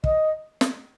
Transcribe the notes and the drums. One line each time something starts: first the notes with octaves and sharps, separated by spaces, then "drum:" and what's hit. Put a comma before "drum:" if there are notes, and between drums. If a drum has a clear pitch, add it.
D#5, drum: kick
drum: snare